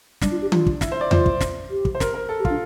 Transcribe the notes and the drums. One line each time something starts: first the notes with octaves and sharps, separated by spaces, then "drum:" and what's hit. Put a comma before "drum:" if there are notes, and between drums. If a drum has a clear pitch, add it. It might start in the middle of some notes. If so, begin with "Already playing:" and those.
G3 D4, drum: snare
F4
G4
F4, drum: tom D#3
drum: kick
E4, drum: snare
C5
D5
F4 C5, drum: tom E2
drum: kick
drum: snare
G4
drum: kick
C5
A#4, drum: snare
A#4
A4
G4
D4 F4, drum: kick